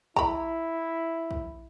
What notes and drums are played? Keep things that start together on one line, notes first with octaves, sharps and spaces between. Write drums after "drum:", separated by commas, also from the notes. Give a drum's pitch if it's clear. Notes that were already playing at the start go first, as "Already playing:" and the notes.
E4 A#5 B5, drum: kick
drum: kick